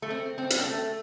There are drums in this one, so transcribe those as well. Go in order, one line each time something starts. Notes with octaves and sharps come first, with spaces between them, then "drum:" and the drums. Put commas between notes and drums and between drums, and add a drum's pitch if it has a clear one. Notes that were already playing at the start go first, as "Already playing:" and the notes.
A3
C4
C4
drum: hi-hat
C4
A3